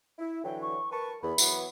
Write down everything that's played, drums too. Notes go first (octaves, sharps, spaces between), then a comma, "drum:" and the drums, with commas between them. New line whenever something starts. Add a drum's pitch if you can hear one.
E4
D3 E3 F#3 G5
C#6
A#4 B4 A5 C#6
E2 B5
E3 F#3 B3, drum: tambourine